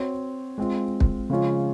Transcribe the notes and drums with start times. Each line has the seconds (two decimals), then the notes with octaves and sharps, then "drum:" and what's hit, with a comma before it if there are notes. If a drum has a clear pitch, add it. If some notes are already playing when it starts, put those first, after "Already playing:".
Already playing: C4 F#4 C#5
0.58 G#3 C4 F4
1.00 drum: kick
1.30 C#3 F3 G#3 C#4 F4